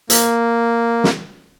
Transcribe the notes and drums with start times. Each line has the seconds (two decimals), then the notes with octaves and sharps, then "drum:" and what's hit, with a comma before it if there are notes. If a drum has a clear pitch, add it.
0.10 A#3, drum: hi-hat
1.04 drum: snare